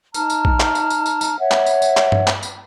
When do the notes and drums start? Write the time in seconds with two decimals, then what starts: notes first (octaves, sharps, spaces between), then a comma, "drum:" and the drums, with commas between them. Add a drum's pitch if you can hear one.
0.14 D#4 A5 A#5 F6, drum: tambourine
0.30 drum: tambourine
0.45 drum: kick A#1
0.60 drum: clap
0.75 drum: tambourine
0.90 drum: tambourine
1.06 drum: tambourine
1.21 drum: tambourine
1.39 C#5 E5 F#5
1.51 drum: clap
1.67 drum: tambourine
1.82 drum: tambourine
1.97 drum: clap
2.12 drum: tom G2
2.27 drum: clap
2.43 drum: tambourine